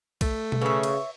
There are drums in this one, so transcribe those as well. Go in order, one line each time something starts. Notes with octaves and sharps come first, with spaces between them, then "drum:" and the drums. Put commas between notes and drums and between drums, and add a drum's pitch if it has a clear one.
A3, drum: kick, cymbal
drum: tom B2
C#3 B4 C#5 E5 C#6
drum: cymbal